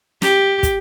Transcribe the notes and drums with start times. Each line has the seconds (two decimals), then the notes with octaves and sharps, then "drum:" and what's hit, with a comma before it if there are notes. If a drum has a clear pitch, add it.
0.22 G4, drum: snare
0.63 drum: kick, hi-hat